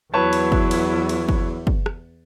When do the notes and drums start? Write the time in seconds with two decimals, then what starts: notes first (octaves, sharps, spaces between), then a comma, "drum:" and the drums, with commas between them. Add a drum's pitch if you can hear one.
0.14 E2 F#3 E4 B4 C#5 A5
0.33 drum: cymbal
0.52 drum: kick
0.71 drum: cymbal
1.09 drum: cymbal
1.29 drum: kick
1.67 drum: kick
1.86 drum: rim click